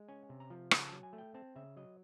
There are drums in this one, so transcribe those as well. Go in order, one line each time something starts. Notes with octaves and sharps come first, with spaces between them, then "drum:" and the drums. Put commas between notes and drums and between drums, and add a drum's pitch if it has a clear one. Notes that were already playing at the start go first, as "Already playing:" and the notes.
Already playing: G#3
C#4 G#5
C3
A#5
F3
C#3 A#5, drum: rim click
A5
F#3
G#5
A3
G5
C4 A5
C#3 E5
F#3 D#5